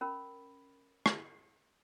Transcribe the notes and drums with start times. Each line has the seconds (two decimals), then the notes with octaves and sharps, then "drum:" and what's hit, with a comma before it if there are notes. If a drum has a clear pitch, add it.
0.01 C#4 A#4 B5
1.06 drum: rim click